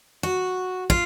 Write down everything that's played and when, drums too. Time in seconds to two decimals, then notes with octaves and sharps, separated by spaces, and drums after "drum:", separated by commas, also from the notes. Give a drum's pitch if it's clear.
0.23 F#4
0.90 F4, drum: kick